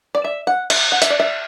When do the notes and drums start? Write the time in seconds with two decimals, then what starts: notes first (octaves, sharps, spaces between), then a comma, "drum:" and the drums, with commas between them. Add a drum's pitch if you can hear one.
0.15 D5
0.24 E5
0.47 F#5
0.70 E5, drum: cymbal
0.92 F#5
1.02 E5, drum: hi-hat
1.10 D5
1.20 E5